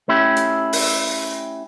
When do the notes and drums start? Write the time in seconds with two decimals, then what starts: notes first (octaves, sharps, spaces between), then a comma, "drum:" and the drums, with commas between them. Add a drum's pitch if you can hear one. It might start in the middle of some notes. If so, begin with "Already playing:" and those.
0.08 A3 C#4 E4 G4
0.37 drum: hi-hat
0.73 drum: open hi-hat